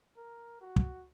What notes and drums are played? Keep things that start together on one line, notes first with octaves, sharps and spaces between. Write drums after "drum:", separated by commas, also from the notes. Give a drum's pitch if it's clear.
A#4
F#4
drum: kick